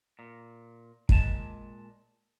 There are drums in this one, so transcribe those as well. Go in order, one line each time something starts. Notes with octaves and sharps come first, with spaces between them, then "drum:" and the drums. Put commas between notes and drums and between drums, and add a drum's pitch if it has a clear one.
A#2
A#2 G#3 A5, drum: kick